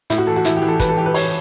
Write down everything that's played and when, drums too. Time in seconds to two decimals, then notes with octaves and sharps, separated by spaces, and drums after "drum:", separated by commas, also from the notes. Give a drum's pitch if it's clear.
0.10 A2 E4, drum: hi-hat
0.18 F#4
0.27 E3 A4
0.36 F#4
0.44 E3 E4, drum: hi-hat
0.56 G4
0.62 E3
0.68 A4
0.80 E3 B4, drum: kick, hi-hat
0.89 A4
0.97 E3 G4
1.06 B4
1.14 E3 C#5, drum: open hi-hat